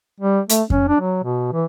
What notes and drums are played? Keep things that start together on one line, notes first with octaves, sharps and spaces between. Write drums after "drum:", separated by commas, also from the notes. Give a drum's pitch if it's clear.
G3
A3, drum: hi-hat
C#4, drum: kick F2
D4
F#3
B2
E3